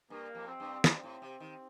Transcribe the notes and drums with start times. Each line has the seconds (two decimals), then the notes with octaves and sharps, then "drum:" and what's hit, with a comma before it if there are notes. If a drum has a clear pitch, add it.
0.10 G2 A#3
0.35 F2
0.48 C4
0.60 G2
0.84 G2 C4, drum: snare
1.03 A2
1.22 C3
1.40 D#3